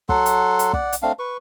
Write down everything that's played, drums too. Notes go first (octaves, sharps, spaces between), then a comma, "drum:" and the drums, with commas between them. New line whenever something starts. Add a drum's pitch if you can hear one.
F#3 A4 F#5 C6, drum: kick
drum: hi-hat
drum: hi-hat
D5 F#5, drum: kick
drum: hi-hat
A3 C4 D4 F5
B4 C#6